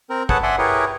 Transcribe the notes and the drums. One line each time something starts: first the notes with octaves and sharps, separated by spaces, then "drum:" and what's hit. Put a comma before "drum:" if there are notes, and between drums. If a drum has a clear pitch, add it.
C4 A#4
G#4 A4 B4 C#5 F#5 A5, drum: kick
D5 E5 F#5 G#5 C6
E4 G4 G#4 A#4 B4 C#5